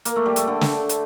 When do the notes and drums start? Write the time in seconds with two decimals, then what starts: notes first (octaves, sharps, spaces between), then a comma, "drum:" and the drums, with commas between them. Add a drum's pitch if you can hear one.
0.05 A#3, drum: hi-hat
0.16 A3
0.26 G3
0.36 A3, drum: hi-hat
0.47 D3
0.61 drum: snare
0.89 drum: hi-hat